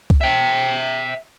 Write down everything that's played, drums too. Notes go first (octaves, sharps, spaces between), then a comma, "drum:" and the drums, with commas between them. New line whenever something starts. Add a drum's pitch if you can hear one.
drum: kick
E5 G5